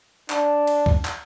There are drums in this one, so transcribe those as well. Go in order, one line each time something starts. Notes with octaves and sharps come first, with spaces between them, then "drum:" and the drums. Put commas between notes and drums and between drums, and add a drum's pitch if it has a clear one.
D4, drum: clap
drum: cymbal
drum: kick C#2
drum: clap